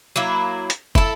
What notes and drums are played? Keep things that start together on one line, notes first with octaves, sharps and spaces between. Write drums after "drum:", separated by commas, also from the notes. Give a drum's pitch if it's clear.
F#3 A#3 E4
drum: hi-hat
E4 A4, drum: kick